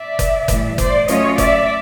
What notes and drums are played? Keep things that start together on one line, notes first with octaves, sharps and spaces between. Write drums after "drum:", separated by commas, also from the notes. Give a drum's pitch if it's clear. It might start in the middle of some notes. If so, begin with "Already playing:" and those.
Already playing: D5 E5
drum: kick F#1, hi-hat
A2 E3 G3, drum: kick F#1, hi-hat
C5 D5, drum: kick F#1, hi-hat
F#3 A3 C#4 F4 C#5 D#5, drum: hi-hat
D5 E5, drum: kick F#1, hi-hat